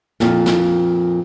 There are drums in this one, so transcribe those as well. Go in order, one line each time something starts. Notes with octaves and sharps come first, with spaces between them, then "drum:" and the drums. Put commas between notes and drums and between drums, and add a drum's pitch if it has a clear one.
F2 A#2, drum: snare
drum: snare